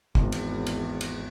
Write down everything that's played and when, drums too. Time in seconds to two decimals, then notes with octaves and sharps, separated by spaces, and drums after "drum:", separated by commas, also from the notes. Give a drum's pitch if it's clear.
0.15 G#1 E2, drum: kick
0.32 drum: cymbal
0.67 drum: cymbal
1.01 drum: cymbal